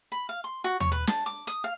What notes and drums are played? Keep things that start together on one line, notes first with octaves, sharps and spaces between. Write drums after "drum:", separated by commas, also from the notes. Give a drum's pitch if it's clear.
B5
F5
C6
F#4
C#5, drum: tom
B4
A5, drum: snare
D6
D#6, drum: hi-hat
F5